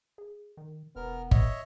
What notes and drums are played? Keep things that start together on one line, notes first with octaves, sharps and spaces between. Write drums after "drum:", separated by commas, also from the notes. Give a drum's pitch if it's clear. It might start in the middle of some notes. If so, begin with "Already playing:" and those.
G#4
D#3
E1 B3 A#4 F6
C#5 D#5 E5, drum: kick G1